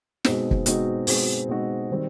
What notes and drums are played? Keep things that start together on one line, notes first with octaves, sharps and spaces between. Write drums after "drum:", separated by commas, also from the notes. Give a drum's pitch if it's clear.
B2 G#3 C4 D#4 F#4, drum: snare
drum: kick
B2 G#3 C4 D#4 F#4, drum: hi-hat
B2 G#3 C4 D#4 F#4, drum: open hi-hat
B2 G#3 C4 D#4 F#4
D#3 G3 C4